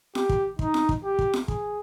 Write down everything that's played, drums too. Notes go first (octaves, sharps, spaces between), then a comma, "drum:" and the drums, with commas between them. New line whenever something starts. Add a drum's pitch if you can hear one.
G4, drum: snare F4
drum: kick
D#4, drum: kick
drum: snare F4
drum: kick
G4
drum: kick
drum: snare F4
G#4, drum: kick